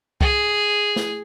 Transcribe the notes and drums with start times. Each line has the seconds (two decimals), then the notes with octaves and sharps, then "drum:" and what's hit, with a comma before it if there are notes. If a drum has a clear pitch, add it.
0.21 G#4, drum: kick C2
0.96 drum: snare